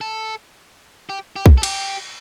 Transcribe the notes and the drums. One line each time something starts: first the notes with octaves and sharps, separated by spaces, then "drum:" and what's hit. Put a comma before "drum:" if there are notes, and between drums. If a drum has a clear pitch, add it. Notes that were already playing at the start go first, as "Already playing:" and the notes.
A4
G4
G4
drum: kick
A4
G4, drum: cymbal